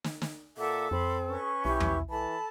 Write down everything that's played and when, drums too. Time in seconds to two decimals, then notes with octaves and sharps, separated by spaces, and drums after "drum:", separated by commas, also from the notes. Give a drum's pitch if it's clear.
0.04 drum: snare
0.22 drum: snare
0.57 A#2 A4 E5 F#5 D6
0.91 F2 C4 B5 C6
1.27 C#4 B4 C#6
1.65 B1 E4 G4
1.80 drum: tom E2
2.10 E3 A4 A5 B5